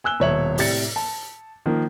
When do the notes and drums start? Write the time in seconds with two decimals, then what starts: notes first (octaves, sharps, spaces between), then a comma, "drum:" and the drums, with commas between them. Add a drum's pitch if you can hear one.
0.04 G#5 E6 F#6 G7
0.20 D#1 B2 C#5 E5 F#7
0.58 A2 C3 G4 D5 A6 C#7, drum: open hi-hat
0.96 A5
1.66 D#3 F3 A#3